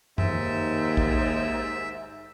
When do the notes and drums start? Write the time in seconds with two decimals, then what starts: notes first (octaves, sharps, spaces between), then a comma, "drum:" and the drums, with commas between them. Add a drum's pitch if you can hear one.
0.18 D#2 G#2 E5, drum: tom F#2
0.97 drum: kick A#1